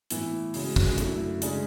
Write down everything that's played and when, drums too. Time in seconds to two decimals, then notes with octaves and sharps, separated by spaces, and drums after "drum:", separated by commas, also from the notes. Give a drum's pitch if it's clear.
0.10 A2 E3 B3 E4, drum: hi-hat
0.54 C#3 G#3 C#4 F#4, drum: open hi-hat
0.76 drum: kick
0.98 F#2 D3 A3 E4, drum: hi-hat
1.42 C#3 G#3 D4, drum: hi-hat